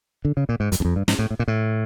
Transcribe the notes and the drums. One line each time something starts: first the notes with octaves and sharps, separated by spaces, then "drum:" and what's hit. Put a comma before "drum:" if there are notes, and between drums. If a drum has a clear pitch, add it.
D3
C#3
A#2
G#2
F#2, drum: hi-hat
E2
F2
G2
G#2, drum: snare
A2
A2
A#2
A2